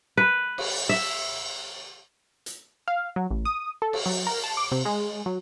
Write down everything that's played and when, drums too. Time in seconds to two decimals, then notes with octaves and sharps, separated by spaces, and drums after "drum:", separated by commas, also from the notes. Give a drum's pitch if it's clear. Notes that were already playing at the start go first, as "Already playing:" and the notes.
0.17 B4
0.58 drum: cymbal
0.89 E5
2.46 drum: hi-hat
2.88 F5
3.16 F#3
3.31 A1
3.45 D#6
3.82 A4
3.93 drum: cymbal
4.06 F#3
4.27 A#4
4.44 A5
4.57 D6
4.72 C3
4.85 G#3
5.26 F#3